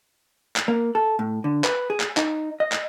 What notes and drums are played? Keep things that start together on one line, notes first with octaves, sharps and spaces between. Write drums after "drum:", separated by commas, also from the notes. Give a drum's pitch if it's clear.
drum: clap
A#3
A4
A2
D3
B4, drum: clap
G#4
drum: clap
D#4, drum: clap
D#5
drum: clap